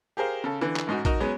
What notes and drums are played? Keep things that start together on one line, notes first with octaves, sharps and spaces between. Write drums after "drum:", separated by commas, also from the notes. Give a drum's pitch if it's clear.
G4 G#4 A#4 C5 F5
C#3 A4
D3 E3
drum: clap
A1 G#2 D#4 F#4
D#4 F#4 A#4, drum: kick A#1, hi-hat
F#3 G#3 B3 C#4